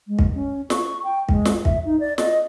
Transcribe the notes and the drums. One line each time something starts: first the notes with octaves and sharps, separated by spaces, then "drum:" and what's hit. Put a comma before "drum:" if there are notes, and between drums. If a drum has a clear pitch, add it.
G#3
drum: kick
C#4
C#6, drum: snare
G5
G#3, drum: kick
drum: snare
E5, drum: kick
D#4
D5
D#5, drum: snare